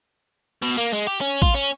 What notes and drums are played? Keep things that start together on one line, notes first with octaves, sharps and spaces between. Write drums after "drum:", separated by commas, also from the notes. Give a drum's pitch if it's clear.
B2, drum: cymbal
A#3
G#3
G4
C#4
F4, drum: kick
C#4